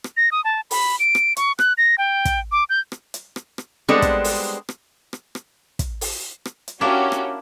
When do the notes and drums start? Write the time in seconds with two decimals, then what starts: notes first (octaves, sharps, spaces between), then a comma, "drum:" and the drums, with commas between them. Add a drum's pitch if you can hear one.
0.04 drum: rim click
0.17 A#6
0.32 D#6
0.44 A5
0.71 B5, drum: open hi-hat
1.00 D7
1.15 drum: rim click
1.37 C#6, drum: hi-hat
1.59 F#6, drum: rim click
1.78 A#6
1.98 G5
2.25 drum: kick, hi-hat
2.52 D6
2.70 G6
2.92 drum: rim click
3.14 drum: hi-hat
3.36 drum: rim click
3.58 drum: rim click
3.88 G3 G#3 B3 C4 D4 A4
4.02 drum: kick, hi-hat
4.24 drum: open hi-hat
4.69 drum: rim click
5.13 drum: rim click
5.35 drum: rim click
5.79 drum: kick, hi-hat
6.01 drum: open hi-hat
6.45 drum: rim click
6.68 drum: hi-hat
6.81 A#3 C#4 D4 E4 F#4 G4 D6
7.12 drum: rim click